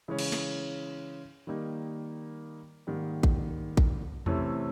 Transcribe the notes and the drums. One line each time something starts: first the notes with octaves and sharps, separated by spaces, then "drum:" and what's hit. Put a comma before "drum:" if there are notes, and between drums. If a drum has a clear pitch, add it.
C#3 E3 G#3 C#4
drum: cymbal
drum: snare
D#3 G3 A#3 D#4
G#2 D#3 G3 A#3
drum: kick A1
drum: kick A1
C3 E3 A3 C#4, drum: tom E2